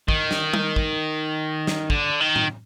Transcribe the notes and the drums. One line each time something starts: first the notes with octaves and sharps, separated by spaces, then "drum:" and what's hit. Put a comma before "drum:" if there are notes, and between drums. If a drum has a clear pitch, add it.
D#3, drum: kick
drum: snare
drum: tom
drum: kick
drum: snare
D3, drum: kick
D#3
drum: tom A2